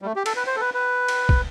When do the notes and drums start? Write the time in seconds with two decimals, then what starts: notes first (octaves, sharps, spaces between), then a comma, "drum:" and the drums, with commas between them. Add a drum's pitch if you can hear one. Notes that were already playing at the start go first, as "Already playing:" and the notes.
0.02 G3
0.05 A3
0.16 G4
0.26 A4, drum: cymbal
0.36 B4
0.46 C5
0.56 A4
0.61 B4
0.74 B4
1.08 drum: cymbal
1.29 drum: kick